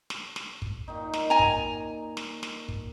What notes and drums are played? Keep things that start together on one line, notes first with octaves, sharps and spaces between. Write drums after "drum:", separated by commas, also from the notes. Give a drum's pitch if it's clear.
drum: snare
drum: snare
drum: kick
A#2 D#3 D#4
drum: snare
G#5 A#5
drum: kick
drum: snare
drum: snare
drum: kick